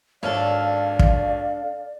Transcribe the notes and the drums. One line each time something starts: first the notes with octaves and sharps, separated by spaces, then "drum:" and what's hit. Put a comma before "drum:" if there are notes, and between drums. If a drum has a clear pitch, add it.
G#1 D4 A4 C#5 D5 F5 F6
drum: kick